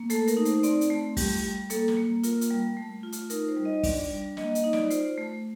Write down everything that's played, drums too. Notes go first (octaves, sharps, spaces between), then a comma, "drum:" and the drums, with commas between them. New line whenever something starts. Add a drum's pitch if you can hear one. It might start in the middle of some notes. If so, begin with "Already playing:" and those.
Already playing: A#3
A3 A4, drum: hi-hat
A#4, drum: hi-hat
D#4
C5, drum: hi-hat
C4 D5, drum: hi-hat
drum: hi-hat
A3
G3 G4, drum: kick, open hi-hat
G3
A#3 A4, drum: hi-hat
drum: snare
A#3
F4 A#4, drum: hi-hat
drum: hi-hat
G3
A3
F4
drum: hi-hat
D#4 A#4, drum: hi-hat
C5
G3
D#5
D4 D5, drum: kick, open hi-hat
G3
A#3 D#5, drum: snare
D#5, drum: hi-hat
D#4
D5, drum: snare
F4 C5, drum: hi-hat
A3